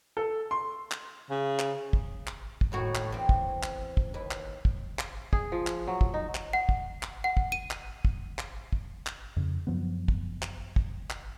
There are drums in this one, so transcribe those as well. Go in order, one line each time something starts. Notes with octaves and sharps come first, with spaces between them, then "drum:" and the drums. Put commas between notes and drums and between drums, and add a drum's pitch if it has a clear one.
A4
C6
drum: clap
C#3
drum: clap
drum: kick
drum: clap
drum: kick
D#2 A2 F#4
drum: clap
E2 C4
drum: kick
drum: clap
drum: kick
D#2 B4
drum: clap
drum: kick
drum: clap
G#4, drum: kick
F3
drum: clap
F#3
drum: kick
D#4
drum: clap
F#5
drum: kick
drum: clap
F#5
drum: kick
D#7
drum: clap
drum: kick
drum: clap
drum: kick
drum: clap
F2 C#3
F#2 F3 F#3 B3
drum: kick
drum: clap
drum: kick
drum: clap